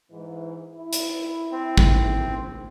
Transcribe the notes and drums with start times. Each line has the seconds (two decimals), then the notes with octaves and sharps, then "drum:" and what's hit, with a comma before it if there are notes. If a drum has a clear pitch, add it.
0.11 G#2 E3
0.75 E4
0.93 drum: hi-hat
1.52 C4
1.77 drum: kick